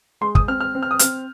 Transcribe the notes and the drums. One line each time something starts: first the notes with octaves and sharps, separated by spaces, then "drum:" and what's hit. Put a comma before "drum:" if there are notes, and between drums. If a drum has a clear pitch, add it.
G#3 C6
D#6, drum: kick
C4 F6
F6
C4
F6
D#6
C4 F6, drum: hi-hat